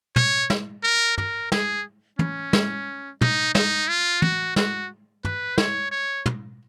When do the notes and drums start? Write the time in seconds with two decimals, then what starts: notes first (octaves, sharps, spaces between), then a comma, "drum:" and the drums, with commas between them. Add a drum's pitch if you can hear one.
0.16 C#5, drum: tom
0.50 drum: snare
0.83 A#4
1.18 A#4, drum: tom
1.52 G#4, drum: snare
2.19 C#4, drum: tom
2.53 drum: snare
3.21 D#4, drum: tom
3.55 D#4, drum: snare
3.88 F4
4.22 F#4, drum: tom
4.56 F#4, drum: snare
5.25 B4, drum: tom
5.58 C#5, drum: snare
5.92 C#5
6.26 drum: tom